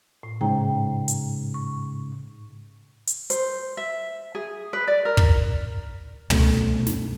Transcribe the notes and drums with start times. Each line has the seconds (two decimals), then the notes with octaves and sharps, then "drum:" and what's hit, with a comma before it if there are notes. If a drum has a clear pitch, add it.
0.23 A2
0.41 G#2 C#3 G5 A#5
1.08 drum: hi-hat
1.54 C#6
3.07 drum: hi-hat
3.30 C5, drum: hi-hat
3.77 E5
4.35 G#4
4.73 B4
4.87 D5
5.05 A#4
5.17 drum: kick
6.30 C2 F#2 B2 A3, drum: tom
6.87 drum: snare